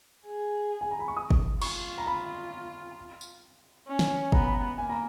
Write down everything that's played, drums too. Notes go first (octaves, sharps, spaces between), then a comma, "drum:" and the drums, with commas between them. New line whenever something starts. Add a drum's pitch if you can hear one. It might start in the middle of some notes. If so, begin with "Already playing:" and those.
G#4
G#5
A#5
B5
C#6
D#6
drum: kick
F4 C#6, drum: cymbal
A#5
B5
drum: tambourine
C#4
drum: snare
B3 A#5, drum: kick
B5
A#5
A#3 G#5
A#5